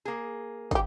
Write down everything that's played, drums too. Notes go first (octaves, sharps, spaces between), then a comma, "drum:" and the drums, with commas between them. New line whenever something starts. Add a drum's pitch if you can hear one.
A#3 G#4
D#4 G4, drum: kick, hi-hat